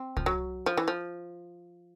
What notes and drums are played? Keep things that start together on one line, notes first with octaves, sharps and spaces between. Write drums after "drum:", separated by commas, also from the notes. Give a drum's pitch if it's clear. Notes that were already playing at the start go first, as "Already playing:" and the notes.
Already playing: C4
F3, drum: kick C2
F#3
F3
E3
F3